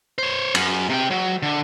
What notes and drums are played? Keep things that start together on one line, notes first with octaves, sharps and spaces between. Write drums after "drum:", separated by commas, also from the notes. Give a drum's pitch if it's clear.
C5 C#5
F#2, drum: cymbal
C3 G5
F#3
D3